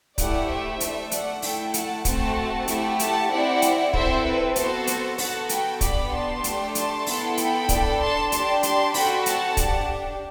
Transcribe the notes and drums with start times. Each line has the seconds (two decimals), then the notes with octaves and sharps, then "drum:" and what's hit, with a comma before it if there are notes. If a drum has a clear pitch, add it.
0.18 A3 E4 G4 D5 F#5, drum: kick, hi-hat
0.48 C5 E5
0.80 A3 D4 A4, drum: hi-hat
1.11 D5 F#5, drum: hi-hat
1.42 A3 E4 A4 E5 G5, drum: open hi-hat
1.74 F#5 A5, drum: hi-hat
2.05 A3 C4 F#4 A4 F#5 A5, drum: kick, hi-hat
2.68 A3 E4 G4, drum: hi-hat
2.99 F#5 A5, drum: hi-hat
3.31 C4 E4 G4 D5 F#5
3.62 drum: hi-hat
3.93 C4 E4 A4 C5 E5, drum: kick
4.24 B4
4.56 B3 F#4 A4 C5, drum: hi-hat
4.87 drum: hi-hat
5.18 B3 F#4 A4 F#5 A5, drum: open hi-hat
5.49 G5 B5, drum: hi-hat
5.81 B3 D4 G4 B5 D6, drum: kick, hi-hat
6.12 A5 C6
6.44 A3 D4 G4, drum: hi-hat
6.75 A5 C6, drum: hi-hat
7.06 B3 E4 A4, drum: open hi-hat
7.37 G5 B5, drum: hi-hat
7.69 D4 A4, drum: kick, hi-hat
8.00 A5 C6
8.32 D4 G4 A5 C6, drum: hi-hat
8.63 A5 C6, drum: hi-hat
8.94 C4 F#4 A4 G5 B5, drum: open hi-hat
9.26 F#5 A5, drum: hi-hat
9.57 D4 G4, drum: kick, hi-hat